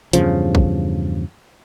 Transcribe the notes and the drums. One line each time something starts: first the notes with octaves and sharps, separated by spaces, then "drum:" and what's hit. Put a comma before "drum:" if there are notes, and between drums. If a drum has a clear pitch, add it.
E2 G2 C#3 F3, drum: hi-hat
drum: kick